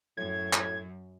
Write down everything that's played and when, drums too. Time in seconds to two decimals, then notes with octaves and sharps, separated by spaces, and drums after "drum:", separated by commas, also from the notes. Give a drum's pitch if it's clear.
0.17 F#2 A2 G#6
0.53 drum: clap